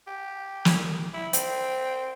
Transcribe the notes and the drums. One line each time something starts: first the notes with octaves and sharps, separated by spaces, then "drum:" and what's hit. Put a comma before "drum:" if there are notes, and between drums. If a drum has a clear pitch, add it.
G4
drum: snare
E4
C4, drum: hi-hat